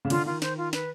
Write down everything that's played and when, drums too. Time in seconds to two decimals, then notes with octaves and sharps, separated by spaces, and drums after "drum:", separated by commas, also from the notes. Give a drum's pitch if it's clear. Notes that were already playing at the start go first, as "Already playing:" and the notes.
0.05 C#3
0.10 D3 F4, drum: cymbal
0.26 D#3 F4
0.42 C5, drum: snare
0.57 F4
0.73 B4, drum: snare